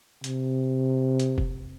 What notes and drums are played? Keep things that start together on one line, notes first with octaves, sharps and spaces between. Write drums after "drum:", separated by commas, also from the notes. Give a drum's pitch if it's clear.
C3, drum: hi-hat
drum: hi-hat
drum: kick F1